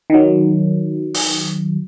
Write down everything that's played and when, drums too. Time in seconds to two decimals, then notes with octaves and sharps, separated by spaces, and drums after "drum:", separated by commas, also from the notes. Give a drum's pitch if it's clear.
0.10 D#3 F#3
1.14 drum: open hi-hat